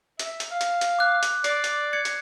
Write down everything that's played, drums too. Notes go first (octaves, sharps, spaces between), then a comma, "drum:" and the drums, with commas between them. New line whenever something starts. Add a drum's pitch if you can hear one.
E5, drum: hi-hat
drum: hi-hat
F5
drum: hi-hat
drum: hi-hat
D6 F#6
drum: hi-hat
D5 C7, drum: hi-hat
drum: hi-hat
G#6 C#7
drum: hi-hat